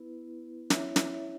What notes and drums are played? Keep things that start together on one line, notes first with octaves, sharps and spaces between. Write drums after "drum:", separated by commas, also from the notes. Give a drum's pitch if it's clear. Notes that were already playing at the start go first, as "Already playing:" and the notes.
Already playing: B3 E4 B4
C#4 E4 C#5 E5, drum: snare
drum: snare